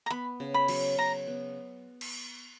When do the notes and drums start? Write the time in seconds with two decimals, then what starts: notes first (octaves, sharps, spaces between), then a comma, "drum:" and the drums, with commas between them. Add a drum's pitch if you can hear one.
0.06 A#5
0.10 B3 B5
0.40 C#3
0.54 B5
0.68 F#3, drum: cymbal
0.98 C#3 A#5
1.27 B3
2.01 drum: cymbal